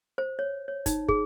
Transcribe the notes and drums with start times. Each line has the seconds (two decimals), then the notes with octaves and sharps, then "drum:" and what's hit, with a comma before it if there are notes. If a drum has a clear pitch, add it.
0.18 C5
0.39 C#5
0.68 C#5
0.86 D#4, drum: kick, hi-hat
1.08 G#4, drum: kick